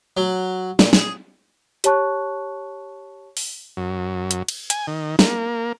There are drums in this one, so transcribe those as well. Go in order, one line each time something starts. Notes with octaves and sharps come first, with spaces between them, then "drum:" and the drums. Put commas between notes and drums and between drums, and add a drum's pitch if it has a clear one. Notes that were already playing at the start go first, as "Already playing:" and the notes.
F#3
A#2, drum: snare
G#4, drum: snare
G4 C#5 A5 C#6 F#6, drum: hi-hat
drum: open hi-hat
F#2
drum: hi-hat
drum: cymbal
G#5, drum: hi-hat
D#3
A#3, drum: snare